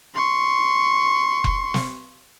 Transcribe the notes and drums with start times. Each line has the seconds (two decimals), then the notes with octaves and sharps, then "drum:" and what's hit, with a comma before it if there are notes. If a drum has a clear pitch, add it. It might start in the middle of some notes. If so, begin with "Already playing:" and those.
0.15 C6 C#6
1.44 drum: kick F1
1.74 drum: snare